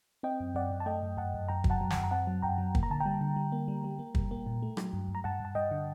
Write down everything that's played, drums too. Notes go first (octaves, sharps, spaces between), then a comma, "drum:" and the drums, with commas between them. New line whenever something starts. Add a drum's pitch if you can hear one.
C4 D#5 G5
F#2
F#2 D5 F#5
F#2
A5
A3 D#5 G5
F#2
F#2 F#5 A5
F#2
F#2 G5 A#5
F#3, drum: kick
F#5 A5
F#3
F#5 A5, drum: snare
F#2
A#5
C4 F#5 A5
F#3
F#2 G5 A#5
F#3
A#3, drum: kick
A#5
D3 A5
G5 A#5
G3
D3
G3
A#3
G3
G3
A#3
G3, drum: kick
A#3
A#2
A3
F#3, drum: rim click
G2
G2
A#5
G2 F#5 A5
G2 A5
G2 D#5 G5
D3